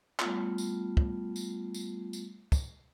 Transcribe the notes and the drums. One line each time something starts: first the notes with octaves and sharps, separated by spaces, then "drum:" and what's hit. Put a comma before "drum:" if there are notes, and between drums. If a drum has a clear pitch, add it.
G3 A3 B3 F4, drum: clap
drum: tambourine
drum: kick
drum: tambourine
drum: tambourine
drum: tambourine
drum: kick, tambourine